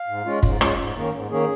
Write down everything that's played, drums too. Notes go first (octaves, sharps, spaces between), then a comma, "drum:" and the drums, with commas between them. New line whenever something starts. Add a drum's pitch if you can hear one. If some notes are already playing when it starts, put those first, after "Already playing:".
Already playing: F5
G#2
G#3 C#4 F4
G#2, drum: kick
G#3 C#4 F4, drum: rim click
G#2
D#3 A#3 C#4
G#2
D#3 A#3 C#4 G#4